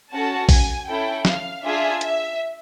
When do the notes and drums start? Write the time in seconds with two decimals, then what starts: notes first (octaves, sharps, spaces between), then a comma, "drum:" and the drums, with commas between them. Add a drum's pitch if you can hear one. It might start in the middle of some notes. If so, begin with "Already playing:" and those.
0.10 C#4 F#4 A4 A5
0.49 G#5, drum: kick A#1, open hi-hat
0.87 C#4 E4 A4 G5
1.25 F5, drum: snare
1.63 D4 F4 G#4 E5
2.01 E5, drum: hi-hat